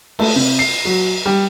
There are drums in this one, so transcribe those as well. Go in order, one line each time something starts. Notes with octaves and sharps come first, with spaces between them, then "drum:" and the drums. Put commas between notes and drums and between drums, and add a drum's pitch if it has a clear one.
A3, drum: cymbal
C3
C7
F#3
G3